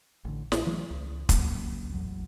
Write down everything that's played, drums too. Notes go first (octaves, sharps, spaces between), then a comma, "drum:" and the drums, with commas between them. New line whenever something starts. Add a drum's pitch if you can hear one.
A1 D3
A1, drum: snare
E3 F#3 A3
C#2
G#1 C#2 F#3 A#3, drum: kick, hi-hat
A1 E2 F#3